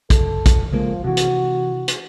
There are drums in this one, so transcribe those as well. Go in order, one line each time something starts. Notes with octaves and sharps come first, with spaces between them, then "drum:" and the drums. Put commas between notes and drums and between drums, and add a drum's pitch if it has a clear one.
F#1 A4, drum: kick, hi-hat
drum: kick, hi-hat
C#3 F3 G#3 A#3
C3 E3 F#4
drum: hi-hat
drum: hi-hat